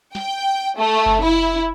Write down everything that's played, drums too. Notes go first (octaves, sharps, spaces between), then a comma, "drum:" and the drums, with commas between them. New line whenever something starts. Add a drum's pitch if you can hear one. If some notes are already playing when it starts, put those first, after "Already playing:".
G5, drum: snare
A3
drum: kick F#1
E4